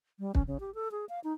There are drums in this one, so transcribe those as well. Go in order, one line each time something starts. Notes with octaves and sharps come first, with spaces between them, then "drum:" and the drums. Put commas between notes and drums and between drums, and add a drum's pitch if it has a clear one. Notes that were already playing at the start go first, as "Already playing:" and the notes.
G3
C#4, drum: kick
C#3
G4
A4
G#4
F5
D#4